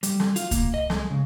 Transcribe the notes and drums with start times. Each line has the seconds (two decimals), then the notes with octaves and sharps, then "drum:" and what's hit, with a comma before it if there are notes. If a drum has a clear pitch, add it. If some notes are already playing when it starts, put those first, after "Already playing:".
0.03 G3, drum: hi-hat
0.20 drum: snare
0.36 F4, drum: hi-hat
0.51 A#3, drum: kick C#2, hi-hat
0.74 D#5
0.90 G#3, drum: snare
1.10 C#3